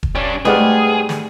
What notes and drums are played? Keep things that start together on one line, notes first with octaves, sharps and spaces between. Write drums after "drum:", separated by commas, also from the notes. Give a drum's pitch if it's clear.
drum: kick E1
G3 C#4 D4
G#2 G3 A3 C4 G#4 B4 F#5 F6
drum: snare